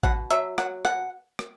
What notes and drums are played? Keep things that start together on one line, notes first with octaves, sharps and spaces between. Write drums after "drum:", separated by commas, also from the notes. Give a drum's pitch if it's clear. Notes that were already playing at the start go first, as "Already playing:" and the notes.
B2 F#5, drum: kick A1
F#3 E5, drum: hi-hat
F#3 F#5, drum: rim click
B2 F#5, drum: rim click
drum: rim click